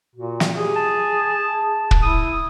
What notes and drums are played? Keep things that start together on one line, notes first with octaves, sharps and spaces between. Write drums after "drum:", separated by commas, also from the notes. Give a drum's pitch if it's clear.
A#2 F#4
drum: snare
G4 G#4
A5
drum: kick
E4 D#6